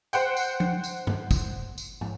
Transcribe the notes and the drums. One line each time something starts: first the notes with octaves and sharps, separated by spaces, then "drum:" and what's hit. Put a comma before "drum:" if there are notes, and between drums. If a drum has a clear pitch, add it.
C5 F#5 G5, drum: tambourine
drum: tambourine
drum: tom F3
drum: tambourine
drum: tom G2
drum: kick, tambourine
drum: tambourine
drum: tom